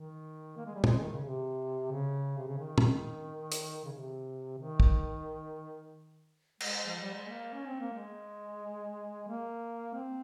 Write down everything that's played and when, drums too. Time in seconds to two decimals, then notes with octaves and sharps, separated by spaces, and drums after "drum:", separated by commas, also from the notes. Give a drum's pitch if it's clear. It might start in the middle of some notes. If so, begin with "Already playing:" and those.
Already playing: D#3
0.57 A#3
0.66 G#3
0.74 G3
0.84 G#3, drum: tom
1.00 D#3
1.12 C#3
1.24 C3
1.91 C#3
2.38 C3
2.47 C#3
2.59 D#3
2.78 drum: tom
3.52 drum: hi-hat
3.84 C#3
3.92 C3
4.59 D#3
4.80 drum: kick
6.60 G#3, drum: cymbal
6.86 F3
7.01 G3
7.13 G#3
7.27 A#3
7.54 C#4
7.67 C4
7.80 A#3
7.94 G#3
9.28 A#3
9.94 C4